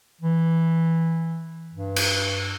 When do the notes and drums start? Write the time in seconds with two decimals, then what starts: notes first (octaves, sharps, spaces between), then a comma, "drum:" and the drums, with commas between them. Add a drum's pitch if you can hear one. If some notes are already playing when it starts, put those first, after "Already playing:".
0.21 E3
1.74 G2
1.96 drum: cymbal